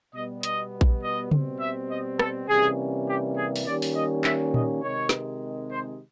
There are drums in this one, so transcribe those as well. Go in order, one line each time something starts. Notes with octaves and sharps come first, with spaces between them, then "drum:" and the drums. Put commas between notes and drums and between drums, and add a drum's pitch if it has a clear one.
B2 G3 B3 D#5
D#5, drum: hi-hat
drum: kick A#1
D#5
B2 G3 C4, drum: tom C#3
E5
D#5
A4, drum: rim click
C3 E3 G3 A#3 C#4 G#4
G4
G#4
drum: open hi-hat
D#3 G3 A#3 C#4 D5
drum: open hi-hat
D#5
E5, drum: clap
D#5, drum: tom A#2
C3 D#3 G#3 C#5
drum: snare
C5